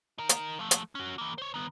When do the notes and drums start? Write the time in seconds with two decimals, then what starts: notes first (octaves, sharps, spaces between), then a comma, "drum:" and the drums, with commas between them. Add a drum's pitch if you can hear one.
0.18 D#4 A#4
0.29 drum: hi-hat
0.59 F3 A3
0.71 drum: hi-hat
0.95 C#4 F#4
1.18 E3 A#3
1.38 C5 C#5
1.54 D#3 B3